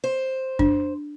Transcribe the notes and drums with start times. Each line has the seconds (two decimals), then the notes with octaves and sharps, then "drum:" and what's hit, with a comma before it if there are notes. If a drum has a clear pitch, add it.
0.04 C5
0.59 D4, drum: kick F#2